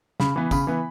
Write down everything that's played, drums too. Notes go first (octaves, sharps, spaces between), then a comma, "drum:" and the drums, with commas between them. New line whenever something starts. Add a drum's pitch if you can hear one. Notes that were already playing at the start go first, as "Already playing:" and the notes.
C#3 B5, drum: snare
E3 B3
C#3 B5, drum: kick, tambourine
E3 B3